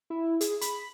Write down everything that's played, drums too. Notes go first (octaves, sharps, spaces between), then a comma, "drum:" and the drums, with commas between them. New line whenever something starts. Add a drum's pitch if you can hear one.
E4
G#4, drum: hi-hat
B5, drum: hi-hat